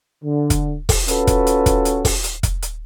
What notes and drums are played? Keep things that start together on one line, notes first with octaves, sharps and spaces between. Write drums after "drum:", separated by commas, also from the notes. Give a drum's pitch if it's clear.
D3
drum: kick, hi-hat
drum: kick, open hi-hat
C#4 F4 F#4 A4 B4, drum: hi-hat
drum: kick, hi-hat
drum: hi-hat
drum: kick, hi-hat
drum: hi-hat
drum: kick, open hi-hat
drum: hi-hat
drum: kick, hi-hat
drum: hi-hat